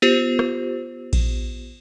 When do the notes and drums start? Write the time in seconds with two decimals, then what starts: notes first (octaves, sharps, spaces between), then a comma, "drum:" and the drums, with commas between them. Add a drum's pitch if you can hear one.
0.02 B3 F4 G4 C5
0.39 drum: rim click
1.13 drum: kick A#1, cymbal